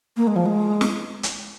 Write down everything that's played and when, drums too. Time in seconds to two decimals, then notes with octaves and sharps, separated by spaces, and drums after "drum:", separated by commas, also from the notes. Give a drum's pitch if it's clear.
0.17 A#3
0.27 G#3
0.36 F3
0.46 G#3
0.81 drum: snare
1.23 drum: hi-hat